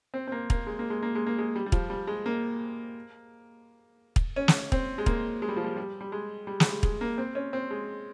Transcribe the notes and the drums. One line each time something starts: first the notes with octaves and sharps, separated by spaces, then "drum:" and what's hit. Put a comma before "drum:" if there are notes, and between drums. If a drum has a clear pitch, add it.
C4
C4
A#3
A#3, drum: kick
G#3
A#3
G#3
A#3
G#3
A#3
G#3
G3
G3
F3, drum: kick
G3
G#3
A#3
drum: kick
C#4
drum: snare
C4, drum: kick
G#3
A#3, drum: kick
G#3
G3
F3
G3
G3
G3
G#3
G3
G#3, drum: snare
G3
G#3, drum: kick
A#3
C4
C#4
C4
G#3